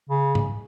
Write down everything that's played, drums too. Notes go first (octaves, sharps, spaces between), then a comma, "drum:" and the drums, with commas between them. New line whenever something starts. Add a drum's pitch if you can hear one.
C#3
drum: tom G#2